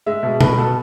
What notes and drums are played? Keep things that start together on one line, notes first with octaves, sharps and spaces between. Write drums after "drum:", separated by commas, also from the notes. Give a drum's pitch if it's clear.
G#3 E5
B2
B2 B4, drum: tom B2
B2 A4